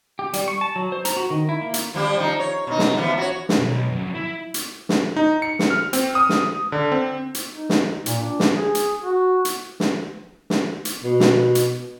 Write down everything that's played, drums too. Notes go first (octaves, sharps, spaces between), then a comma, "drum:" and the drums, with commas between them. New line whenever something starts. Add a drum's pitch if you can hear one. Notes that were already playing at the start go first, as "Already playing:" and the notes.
G4
G3, drum: hi-hat
C#6
A5
F#3
C5
A#5, drum: hi-hat
F#4
D#3
E4
A#3
drum: hi-hat
F3 G3 G4
F3 D#4
C#5
B2 D#4
drum: snare
E3 F3 B3
F#4 C#5
drum: snare
B1
G2 F#3
E4
drum: hi-hat
drum: snare
D#4
C#7
drum: snare
F6
C4, drum: hi-hat
D#6
drum: snare
D3
C4
drum: hi-hat
D#4
drum: snare
A#2, drum: hi-hat
D4
drum: snare
G#4
drum: hi-hat
F#4
drum: hi-hat
drum: snare
drum: snare
drum: hi-hat
B2
drum: snare
drum: hi-hat